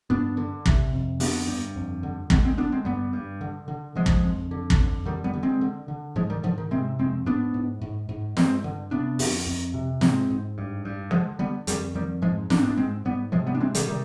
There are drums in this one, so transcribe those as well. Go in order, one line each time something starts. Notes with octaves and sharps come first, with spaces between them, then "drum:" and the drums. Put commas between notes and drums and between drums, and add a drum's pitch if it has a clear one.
G2 B3 D4
D3
C3, drum: kick
F2
D3 B3 D4, drum: open hi-hat
G2
F2
D3
D3 G#3 C4, drum: kick
G#3 C4
D3 B3 D4
G#3 C4
G2 G3 B3
G2
D3
D3
D3 F3 G#3
drum: kick
F2
D3
drum: kick
F2
D3 D#3 G3
G3 B3
D3
G#3 C4
D3
D3
G#2 F3 G#3
D#3 G3
G#2 D3 F3
D#3
C3 G#3 C4
F2 G#3 C4
G#2 B3 D4
G#2
G#2
G#2
G2 G#3 C4, drum: snare
D3
C3 B3 D4
F2, drum: open hi-hat
F2
C3
G#2 G#3 C4, drum: snare
G#2
G2
G2
D3 F3 G#3
D3 G3 B3
F2 D#3 G3, drum: hi-hat
F2 D#3 G3
G#2 F3 G#3
G#2 D4, drum: snare
C4
B3 D4
G#2 G#3 C4
G#2 G3 B3
C3 F3 G#3
G3 B3
D4
C3 G#3 C4
D#3 G3, drum: hi-hat
C3 D#3 G3